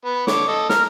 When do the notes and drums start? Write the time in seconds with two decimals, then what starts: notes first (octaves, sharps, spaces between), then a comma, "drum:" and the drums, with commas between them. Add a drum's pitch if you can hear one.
0.05 B3 B4
0.27 D3 C#5 D6, drum: snare
0.48 A4 D#5
0.69 A#5 F6, drum: snare